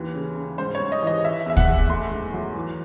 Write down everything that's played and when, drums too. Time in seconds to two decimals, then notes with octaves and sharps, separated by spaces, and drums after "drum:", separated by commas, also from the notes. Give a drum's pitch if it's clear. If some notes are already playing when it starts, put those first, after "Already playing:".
Already playing: D#2 E3
0.14 C#3
0.36 C#3
0.58 G#2 C5
0.75 C#5
0.80 G#2
0.92 D#5
1.02 E3 D#5
1.24 E3 E5
1.46 E2 E5
1.57 F#5, drum: kick D2
1.68 E2
1.89 A3 C6
2.11 G#2
2.33 F#3
2.55 E3